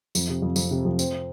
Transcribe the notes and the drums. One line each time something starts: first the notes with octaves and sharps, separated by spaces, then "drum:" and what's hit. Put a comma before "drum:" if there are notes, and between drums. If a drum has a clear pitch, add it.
F2, drum: tambourine
C3
F2
F2, drum: tambourine
C3
F2
C4, drum: tambourine